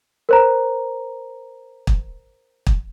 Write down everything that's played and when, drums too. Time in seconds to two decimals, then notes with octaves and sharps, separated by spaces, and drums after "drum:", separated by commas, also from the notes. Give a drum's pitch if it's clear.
0.29 A#4 C5 A#5
1.87 drum: kick
2.67 drum: kick